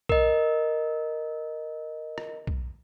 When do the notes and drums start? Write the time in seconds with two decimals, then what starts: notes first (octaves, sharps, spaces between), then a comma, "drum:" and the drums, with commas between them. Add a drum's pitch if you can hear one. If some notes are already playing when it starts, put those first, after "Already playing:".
0.09 A#4 D#5, drum: kick B1
2.18 drum: rim click
2.47 drum: kick B1